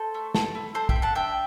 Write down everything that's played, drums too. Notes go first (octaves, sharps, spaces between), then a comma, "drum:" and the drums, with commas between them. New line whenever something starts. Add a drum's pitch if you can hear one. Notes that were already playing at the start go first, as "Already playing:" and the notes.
Already playing: A4 C5
A3
A4, drum: snare
E4
C4 A4 C5
E5 G5, drum: kick
C4
F#5 A5
D4 E5 G5